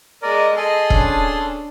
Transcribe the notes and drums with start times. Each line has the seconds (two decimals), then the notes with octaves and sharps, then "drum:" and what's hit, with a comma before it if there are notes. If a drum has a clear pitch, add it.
0.22 G#3 A#4 D5 D#5
0.56 G#4 A4 D#5 C6
0.90 C#4 D4, drum: kick E1